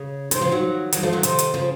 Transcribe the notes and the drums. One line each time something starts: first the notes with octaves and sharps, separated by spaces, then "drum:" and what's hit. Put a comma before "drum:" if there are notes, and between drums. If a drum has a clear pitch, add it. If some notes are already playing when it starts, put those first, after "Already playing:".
Already playing: C#3
C3 D#3, drum: hi-hat
C#3 F3
D#3 F#3
D#3 F#3, drum: hi-hat
F3 A3
D#3 F#3
C3 D#3, drum: hi-hat
drum: hi-hat
C#3 F3